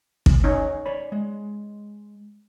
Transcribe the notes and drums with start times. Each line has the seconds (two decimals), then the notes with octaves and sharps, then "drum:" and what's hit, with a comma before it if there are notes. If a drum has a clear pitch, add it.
0.26 drum: kick
0.44 C#4 D#4
0.86 C#5 D5 B5
1.12 G#3